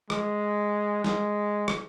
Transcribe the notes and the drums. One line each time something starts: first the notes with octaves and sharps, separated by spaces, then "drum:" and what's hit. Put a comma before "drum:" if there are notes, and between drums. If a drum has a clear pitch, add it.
G#3, drum: rim click
G#3, drum: snare
drum: rim click